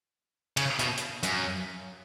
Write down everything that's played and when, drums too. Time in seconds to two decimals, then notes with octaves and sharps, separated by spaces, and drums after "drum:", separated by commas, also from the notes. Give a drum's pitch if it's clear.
0.57 C#3, drum: cymbal
0.79 B2, drum: hi-hat
0.98 drum: hi-hat
1.23 F#2, drum: hi-hat